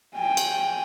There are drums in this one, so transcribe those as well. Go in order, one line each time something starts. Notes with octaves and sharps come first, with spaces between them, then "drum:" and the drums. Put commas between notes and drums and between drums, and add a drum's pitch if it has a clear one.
G5 G#5
drum: cymbal